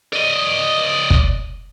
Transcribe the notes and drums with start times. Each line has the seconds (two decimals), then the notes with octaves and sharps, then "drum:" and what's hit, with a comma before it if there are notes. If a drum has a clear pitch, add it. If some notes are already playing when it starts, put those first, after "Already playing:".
0.13 D5 D#5
1.10 drum: kick